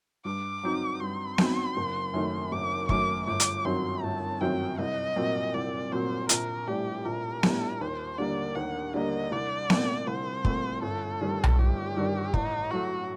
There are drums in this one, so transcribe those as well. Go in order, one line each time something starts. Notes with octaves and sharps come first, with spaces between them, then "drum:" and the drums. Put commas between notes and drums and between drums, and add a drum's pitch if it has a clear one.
G2 D6
F#3 C4 D#4
G2 C6
F#3 C4 D#4, drum: snare B3
F#1
F#2 D#3 A3
F#1 D6
F#2 D#3 A3 D6, drum: kick
G1 D6
drum: hi-hat
F#2 D#3 F#3 C4 C6
G1 A5
F#2 D#3 F#3 C4 G5
C2 D#5
A#2 F#3 C4
C2 D5
A#2 F#3 C4 C5
A#1 A#4, drum: hi-hat
A2 G3 D4 G4
A#1 A#4
A2 G3 D4, drum: snare B3
D#2 C5
D3 G3 A#3 D5
D#2 F#5
D3 G3 A#3 D#5
C2 D5
A#2 A3 C4, drum: snare B3
C2 C5
A#2 A3 C4, drum: kick
G1 A4
G2 D#3 G3 D4
drum: tom B1
G1 G4
G2 D#3 G3 D4
A1 D#4, drum: kick
A2 F#3 A3 F#4